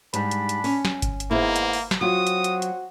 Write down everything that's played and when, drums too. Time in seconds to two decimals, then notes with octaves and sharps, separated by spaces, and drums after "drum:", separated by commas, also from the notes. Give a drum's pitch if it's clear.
0.14 G#2 G3 D4 B5, drum: hi-hat
0.31 drum: hi-hat
0.49 drum: hi-hat
0.64 C#4, drum: open hi-hat
0.85 drum: snare
1.02 drum: kick G1, hi-hat
1.20 drum: hi-hat
1.31 G#2 A#3 B3 E4
1.56 drum: hi-hat
1.73 drum: open hi-hat
1.91 drum: snare
2.01 F#3 C4 F4 F#4 D#6
2.27 drum: hi-hat
2.44 drum: hi-hat
2.62 drum: hi-hat